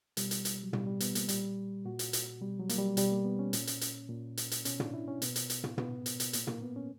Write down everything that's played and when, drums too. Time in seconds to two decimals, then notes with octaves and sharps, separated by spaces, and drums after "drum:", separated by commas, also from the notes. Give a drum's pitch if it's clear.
0.17 B2 G3, drum: hi-hat
0.31 drum: hi-hat
0.45 drum: hi-hat
0.63 F#3
0.73 B2 G3, drum: tom
0.87 G3
1.00 B3, drum: hi-hat
1.15 A#3, drum: hi-hat
1.29 A#2 G3, drum: hi-hat
1.85 A#2 F#4
1.99 drum: hi-hat
2.13 drum: hi-hat
2.41 B2 G3
2.59 F#3
2.69 A#3, drum: hi-hat
2.78 G3
2.97 B2 G3, drum: hi-hat
3.11 A#3
3.25 B3
3.39 C#4
3.53 A#2, drum: hi-hat
3.67 drum: hi-hat
3.81 drum: hi-hat
4.09 A#2
4.37 drum: hi-hat
4.51 drum: hi-hat
4.65 B2 C#4, drum: hi-hat
4.80 D4, drum: tom
4.94 E4
5.08 C#4
5.22 B2 B3, drum: hi-hat
5.36 drum: hi-hat
5.50 drum: hi-hat
5.64 drum: tom
5.78 B2 B3, drum: tom
6.06 drum: hi-hat
6.20 drum: hi-hat
6.33 A#2 A#3, drum: hi-hat
6.47 A#3, drum: tom
6.62 B3
6.76 C#4